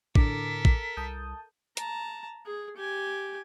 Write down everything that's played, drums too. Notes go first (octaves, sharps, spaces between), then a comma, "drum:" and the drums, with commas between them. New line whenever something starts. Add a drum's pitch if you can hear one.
A2 D3 A4 A#4 D6 B6, drum: kick A1
drum: kick A1
C2 A5 D#6 G6
A5 A#5, drum: hi-hat
G#4
G4 G#5